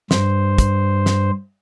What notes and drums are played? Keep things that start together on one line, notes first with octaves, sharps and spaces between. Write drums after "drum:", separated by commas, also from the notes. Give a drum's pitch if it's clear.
G2 C5, drum: snare
drum: kick, hi-hat
drum: snare